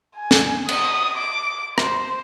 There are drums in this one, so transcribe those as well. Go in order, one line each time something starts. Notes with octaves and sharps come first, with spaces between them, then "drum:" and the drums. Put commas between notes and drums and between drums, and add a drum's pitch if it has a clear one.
G#5
drum: snare
D#6, drum: cymbal
D6
C5, drum: rim click